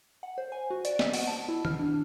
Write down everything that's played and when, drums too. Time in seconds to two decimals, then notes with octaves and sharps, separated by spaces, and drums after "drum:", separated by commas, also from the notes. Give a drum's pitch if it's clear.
0.23 F#5
0.38 C5
0.52 G#5
0.71 F#4
0.85 D5, drum: hi-hat
0.99 D#5, drum: snare
1.14 F#5, drum: open hi-hat
1.27 A5
1.48 E4
1.65 F6, drum: tom D#3
1.79 D4